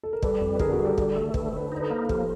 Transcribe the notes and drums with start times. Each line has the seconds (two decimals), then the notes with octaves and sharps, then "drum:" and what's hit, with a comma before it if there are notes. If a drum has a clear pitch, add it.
0.03 A4
0.13 A#4
0.22 G3 A4 B4, drum: kick
0.41 F2
0.55 B4
0.59 D3 G#4 A#4, drum: kick
0.72 F#4 G#4
0.79 G3
0.85 G4 A4
0.98 D3, drum: kick
1.16 A3
1.34 D3 B4, drum: kick
1.46 C5
1.53 D3 B4
1.68 D#4 C5
1.80 A4 B4
1.90 A#3
2.09 F3 G4 A4, drum: kick